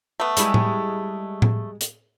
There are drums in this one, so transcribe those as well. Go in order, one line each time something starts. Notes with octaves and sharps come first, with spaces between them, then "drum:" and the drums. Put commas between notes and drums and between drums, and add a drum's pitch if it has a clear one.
A3 B3
G3 G#3 E4, drum: hi-hat
drum: tom A2
drum: tom A2
drum: hi-hat